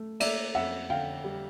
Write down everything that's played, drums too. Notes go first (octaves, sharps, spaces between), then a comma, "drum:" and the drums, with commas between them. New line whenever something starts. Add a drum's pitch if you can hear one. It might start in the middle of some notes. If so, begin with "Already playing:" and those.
Already playing: A3
A#3 D5 E5, drum: cymbal
F2 E5 F#5
D3 F5 G5
G3